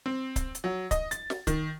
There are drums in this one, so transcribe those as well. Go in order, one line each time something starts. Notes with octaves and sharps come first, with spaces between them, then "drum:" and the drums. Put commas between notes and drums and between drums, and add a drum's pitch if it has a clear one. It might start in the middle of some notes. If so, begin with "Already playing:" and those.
C4
drum: kick C#1, hi-hat
drum: hi-hat
F#3
D#5, drum: kick C#1, hi-hat
A6, drum: hi-hat
drum: snare
D#3, drum: kick C#1, hi-hat